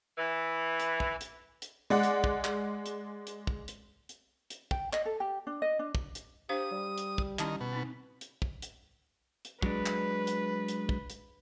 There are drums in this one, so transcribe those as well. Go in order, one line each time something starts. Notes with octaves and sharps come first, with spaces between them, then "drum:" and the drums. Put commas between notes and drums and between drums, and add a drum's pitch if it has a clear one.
E3
drum: hi-hat
drum: kick
drum: hi-hat
drum: hi-hat
G#3 D5 F#5
drum: hi-hat
drum: kick
drum: clap
drum: hi-hat
drum: hi-hat
drum: kick
drum: hi-hat
drum: hi-hat
drum: hi-hat
G5, drum: kick
D#5, drum: clap
A4
G4
D4
D#5
D4
drum: kick
drum: hi-hat
D4 G4 C5 F5 D#6
G3
drum: hi-hat
drum: kick
D#3 C#4 E4 A5, drum: clap
B2
C4 D#4
drum: hi-hat
drum: kick
drum: hi-hat
drum: hi-hat
F#3 G#3 D4 B4, drum: kick
drum: clap
drum: hi-hat
drum: hi-hat
drum: kick
drum: hi-hat